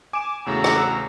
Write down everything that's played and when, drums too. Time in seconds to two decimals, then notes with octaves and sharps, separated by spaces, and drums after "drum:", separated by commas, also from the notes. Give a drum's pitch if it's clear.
0.13 G#5 D6 E7
0.46 E2 A2 C#3 F#4 F#5 A#5 E6
0.64 drum: rim click